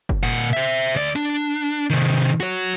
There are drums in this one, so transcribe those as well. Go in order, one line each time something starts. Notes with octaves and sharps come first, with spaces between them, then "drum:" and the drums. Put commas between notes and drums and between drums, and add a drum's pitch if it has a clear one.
drum: kick F#1
A#2 F#5
C5 E5
D2 D5
D4, drum: hi-hat
C3 D#3
F#4 C#5